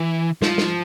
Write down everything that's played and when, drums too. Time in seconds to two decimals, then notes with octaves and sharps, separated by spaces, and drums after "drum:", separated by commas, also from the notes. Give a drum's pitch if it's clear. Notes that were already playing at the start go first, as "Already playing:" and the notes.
Already playing: E3
0.42 F3, drum: snare
0.58 drum: snare